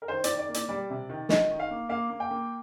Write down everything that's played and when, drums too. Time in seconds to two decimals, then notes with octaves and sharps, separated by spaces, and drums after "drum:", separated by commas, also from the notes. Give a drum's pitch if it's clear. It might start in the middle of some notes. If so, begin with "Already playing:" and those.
0.02 A#4
0.08 D#3 C5
0.24 D5, drum: hi-hat
0.29 D#3
0.39 D5
0.49 A#3
0.54 D5, drum: hi-hat
0.69 G3 D5
0.90 C3
1.10 D#3
1.29 D#3 D#5, drum: snare
1.50 D#3
1.60 F5
1.70 A#3
1.89 A#3 F5
2.10 A#3
2.20 G5
2.31 A#3